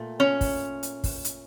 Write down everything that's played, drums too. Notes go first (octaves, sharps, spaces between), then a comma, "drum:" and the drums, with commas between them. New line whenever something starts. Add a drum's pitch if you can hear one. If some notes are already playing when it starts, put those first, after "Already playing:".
Already playing: A#2 A3
C#4
drum: kick, open hi-hat
drum: hi-hat
drum: kick, open hi-hat
drum: hi-hat